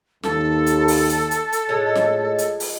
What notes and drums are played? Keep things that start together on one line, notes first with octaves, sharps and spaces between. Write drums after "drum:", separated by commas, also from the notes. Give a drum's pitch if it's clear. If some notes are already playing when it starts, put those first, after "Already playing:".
D#2 A4, drum: snare
drum: hi-hat
drum: open hi-hat
drum: hi-hat
drum: hi-hat
drum: hi-hat
A2 F3 G#3 C#5
drum: snare
drum: hi-hat
drum: open hi-hat